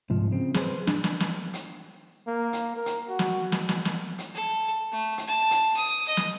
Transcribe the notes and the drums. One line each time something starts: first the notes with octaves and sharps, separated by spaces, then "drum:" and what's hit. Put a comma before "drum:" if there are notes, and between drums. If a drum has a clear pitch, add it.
C2 G#2 F3
C#3 C4
G#4 B4 C5, drum: snare
D4, drum: snare
drum: snare
drum: snare
drum: hi-hat
A#3
drum: hi-hat
A#4
drum: hi-hat
F#4
drum: snare
drum: snare
drum: snare
drum: snare
drum: hi-hat
A4
A3
drum: hi-hat
A5
drum: hi-hat
D#6
D#5
drum: snare